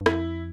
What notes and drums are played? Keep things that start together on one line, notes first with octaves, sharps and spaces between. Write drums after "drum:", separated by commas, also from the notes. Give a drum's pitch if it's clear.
G2
F2 E4, drum: rim click